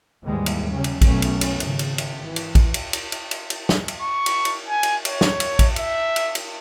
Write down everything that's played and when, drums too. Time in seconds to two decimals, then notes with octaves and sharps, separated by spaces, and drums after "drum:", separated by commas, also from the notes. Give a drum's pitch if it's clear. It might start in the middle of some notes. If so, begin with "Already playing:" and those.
0.22 D#2 G#2 E3 G3 G#3
0.46 drum: cymbal
0.73 C#3 F#3 G3 C#4
0.84 drum: cymbal
1.01 B1 F#2 A3 B3 C#4, drum: kick A1, cymbal
1.22 drum: cymbal
1.41 drum: cymbal
1.60 G#1 C#3, drum: cymbal
1.79 drum: cymbal
1.98 drum: cymbal
2.26 E3
2.36 drum: cymbal
2.55 drum: kick A1, cymbal
2.74 drum: cymbal
2.93 drum: cymbal
3.12 drum: cymbal
3.31 drum: cymbal
3.50 drum: cymbal
3.69 drum: snare
3.88 drum: cymbal
4.02 C#6
4.26 drum: cymbal
4.45 drum: cymbal
4.68 G#5
4.83 drum: cymbal
5.05 C#5, drum: cymbal
5.21 drum: snare
5.40 drum: cymbal
5.59 drum: kick A1, cymbal
5.76 E5, drum: cymbal
6.16 drum: cymbal
6.35 drum: cymbal